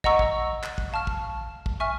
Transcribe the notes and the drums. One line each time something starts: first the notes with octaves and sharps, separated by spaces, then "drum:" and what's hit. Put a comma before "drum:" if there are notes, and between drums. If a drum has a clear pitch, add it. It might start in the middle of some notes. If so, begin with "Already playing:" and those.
D#5 F#5 A#5 C#6 E6, drum: kick
drum: kick
drum: clap
drum: kick
F5 A5 C#6 F6
drum: kick
drum: kick
E5 G#5 C#6 F6